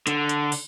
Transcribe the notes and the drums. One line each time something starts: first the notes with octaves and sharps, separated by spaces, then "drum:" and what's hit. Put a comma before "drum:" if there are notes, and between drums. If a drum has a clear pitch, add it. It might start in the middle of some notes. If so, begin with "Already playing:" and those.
D3, drum: hi-hat
drum: hi-hat
drum: open hi-hat